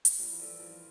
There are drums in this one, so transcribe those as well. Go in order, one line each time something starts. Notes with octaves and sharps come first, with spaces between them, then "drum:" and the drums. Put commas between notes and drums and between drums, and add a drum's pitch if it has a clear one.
drum: hi-hat
G3 E4
F3
A4 D5
E3
F3 E4
F3